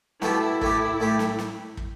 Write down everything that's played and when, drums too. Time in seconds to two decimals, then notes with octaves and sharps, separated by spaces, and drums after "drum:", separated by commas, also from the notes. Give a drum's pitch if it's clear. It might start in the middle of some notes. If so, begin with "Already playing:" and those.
0.22 B2 A3 E4 G4, drum: snare
0.61 A2 A3 G4, drum: kick
1.00 A2 A3 G4
1.19 drum: snare
1.39 drum: snare
1.77 drum: kick